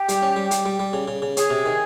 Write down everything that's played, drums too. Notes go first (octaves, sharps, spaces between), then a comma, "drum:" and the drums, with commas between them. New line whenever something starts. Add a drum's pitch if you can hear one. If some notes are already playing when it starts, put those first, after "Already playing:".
Already playing: G4
G3, drum: hi-hat
C#4
G3
G3, drum: hi-hat
G3
G3
C#3
C#3
C#3
C#4 G#4, drum: hi-hat
C3
D#3